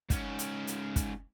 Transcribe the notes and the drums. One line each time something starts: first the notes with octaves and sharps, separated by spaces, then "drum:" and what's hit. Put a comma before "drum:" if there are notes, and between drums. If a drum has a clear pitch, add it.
G#2 C#4, drum: kick, hi-hat
drum: hi-hat
drum: hi-hat
drum: kick, hi-hat